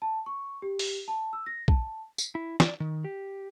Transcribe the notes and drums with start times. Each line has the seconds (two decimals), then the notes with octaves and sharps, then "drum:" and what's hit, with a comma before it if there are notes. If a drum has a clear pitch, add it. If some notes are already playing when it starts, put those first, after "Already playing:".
0.02 A5
0.26 C#6
0.62 G4
0.79 drum: open hi-hat
1.08 A5
1.33 E6
1.46 A#6
1.68 A5, drum: kick B1
2.18 drum: tambourine
2.35 E4
2.60 D5, drum: snare
2.80 D#3
3.04 G4